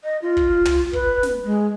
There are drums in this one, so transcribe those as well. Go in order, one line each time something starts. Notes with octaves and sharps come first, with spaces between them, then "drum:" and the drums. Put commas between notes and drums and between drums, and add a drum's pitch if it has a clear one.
D#5
F4
drum: kick
drum: tom
B4, drum: kick
drum: snare
G#3